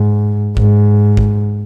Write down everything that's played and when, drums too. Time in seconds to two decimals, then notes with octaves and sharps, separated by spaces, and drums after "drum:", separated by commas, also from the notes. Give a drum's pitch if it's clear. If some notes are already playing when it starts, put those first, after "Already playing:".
Already playing: G#2
0.57 G#2, drum: kick
1.17 drum: kick